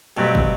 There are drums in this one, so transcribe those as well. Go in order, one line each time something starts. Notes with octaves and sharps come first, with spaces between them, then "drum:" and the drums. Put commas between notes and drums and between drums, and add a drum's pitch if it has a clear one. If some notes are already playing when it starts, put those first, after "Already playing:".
G2 B2 F#3 A3 C4 G4
drum: kick